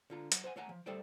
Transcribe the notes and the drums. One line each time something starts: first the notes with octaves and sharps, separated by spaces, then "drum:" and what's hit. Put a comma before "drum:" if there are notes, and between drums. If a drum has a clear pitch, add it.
D3 F4 A#5
F#3, drum: hi-hat
C5 F#5 G#5
A3 C#5 F#5 G#5 A#5
F3
G3 A3 A4 C5 D5 G5